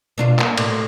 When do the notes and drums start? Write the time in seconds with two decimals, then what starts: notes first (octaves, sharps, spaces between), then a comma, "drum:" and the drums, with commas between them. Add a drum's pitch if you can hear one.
0.18 B2 D4 F4
0.39 A#3, drum: clap
0.58 A2, drum: cymbal